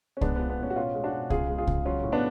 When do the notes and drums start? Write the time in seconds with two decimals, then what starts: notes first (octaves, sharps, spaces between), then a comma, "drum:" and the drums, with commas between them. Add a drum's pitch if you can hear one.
0.17 C#4
0.21 G#3 B3 D4, drum: kick C2
0.36 F3 B3
0.50 B3
0.58 A2 C#4
0.70 F#4
0.76 B2 C#4 F4
0.95 G#3
1.04 D4 F#4
1.12 B2
1.30 C#3 F4 G#4, drum: kick C2
1.49 G#3
1.58 F4 G#4
1.67 C#3, drum: kick C2
1.85 F#3 C#4 F4
2.03 A2
2.12 B3 D4